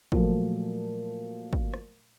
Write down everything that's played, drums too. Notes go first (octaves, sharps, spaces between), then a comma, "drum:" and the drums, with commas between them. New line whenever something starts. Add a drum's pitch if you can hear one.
A#2 F3 F#3 A3, drum: kick
drum: kick
drum: rim click